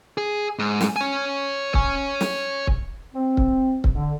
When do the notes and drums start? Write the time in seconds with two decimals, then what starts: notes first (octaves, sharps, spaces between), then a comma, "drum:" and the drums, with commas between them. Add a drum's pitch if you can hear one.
0.18 G#4
0.59 G#2
0.81 drum: snare
0.96 C#5 G#5
1.74 C#5 G#5, drum: kick C#1
2.21 drum: snare
2.67 drum: kick C#1
3.14 C4
3.37 drum: kick C#1
3.84 drum: kick C#1
3.94 D3